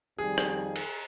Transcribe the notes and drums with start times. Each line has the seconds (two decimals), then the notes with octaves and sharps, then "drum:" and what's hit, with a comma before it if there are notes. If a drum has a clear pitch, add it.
0.18 F2 D#3 G3 G#4
0.38 drum: rim click
0.76 drum: cymbal